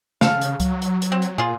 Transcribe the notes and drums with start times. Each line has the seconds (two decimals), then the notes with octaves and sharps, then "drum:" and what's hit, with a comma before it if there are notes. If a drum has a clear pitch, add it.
0.21 C#3 A4 F5, drum: snare A3
0.41 drum: hi-hat
0.60 F#3, drum: kick C#2, hi-hat
0.82 drum: hi-hat
1.02 drum: hi-hat
1.12 C4
1.22 drum: hi-hat
1.38 A#2 F4 G#4